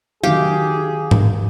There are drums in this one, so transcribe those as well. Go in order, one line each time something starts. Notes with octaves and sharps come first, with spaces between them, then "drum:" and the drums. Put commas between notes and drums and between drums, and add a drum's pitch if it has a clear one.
D#3 F#3 G4 G#4 F5
drum: tom G#2